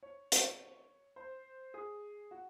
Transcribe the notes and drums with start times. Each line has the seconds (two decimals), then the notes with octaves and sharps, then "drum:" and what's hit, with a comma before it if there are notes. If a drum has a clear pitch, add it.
0.03 C#5
0.32 drum: hi-hat
1.16 C5
1.74 G#4
2.31 F#4